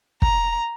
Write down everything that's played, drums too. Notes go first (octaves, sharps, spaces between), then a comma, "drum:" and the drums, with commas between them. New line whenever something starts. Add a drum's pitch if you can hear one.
A#5, drum: kick